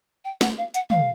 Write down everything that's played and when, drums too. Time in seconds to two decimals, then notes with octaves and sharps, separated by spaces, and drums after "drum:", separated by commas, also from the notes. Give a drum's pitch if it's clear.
0.25 G5
0.41 F#5, drum: snare
0.58 F5
0.74 F#5, drum: hi-hat
0.90 F5, drum: tom